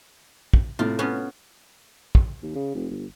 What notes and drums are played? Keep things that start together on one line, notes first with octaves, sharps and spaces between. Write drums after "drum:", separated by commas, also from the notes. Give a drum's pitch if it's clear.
drum: kick
A2 C3 F4
B3 C#4 F4
drum: kick
D#2
C#3
F1
G1